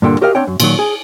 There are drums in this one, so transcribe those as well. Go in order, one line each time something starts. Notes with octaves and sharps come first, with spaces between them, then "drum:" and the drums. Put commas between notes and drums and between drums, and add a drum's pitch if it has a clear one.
G2 A#2 D3 G5
F#4 G4 A#4 D#5 F5 G5
C4 D4 C#5 F#5 G5
F#2
A#2 D#3 F#3, drum: cymbal
G#4